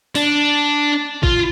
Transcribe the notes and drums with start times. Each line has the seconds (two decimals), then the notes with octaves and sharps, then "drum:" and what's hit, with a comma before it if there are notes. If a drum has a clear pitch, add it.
0.15 D4, drum: open hi-hat
1.23 F4, drum: kick